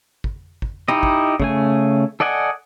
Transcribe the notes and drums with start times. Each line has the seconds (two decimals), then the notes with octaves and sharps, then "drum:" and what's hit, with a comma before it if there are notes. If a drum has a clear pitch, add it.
0.24 drum: kick
0.62 drum: kick
0.88 D#4 E4 G4 D#5, drum: tom
1.03 drum: kick
1.40 C#3 A3 G#5, drum: kick
2.20 A4 D5 D#5 F#5 G#5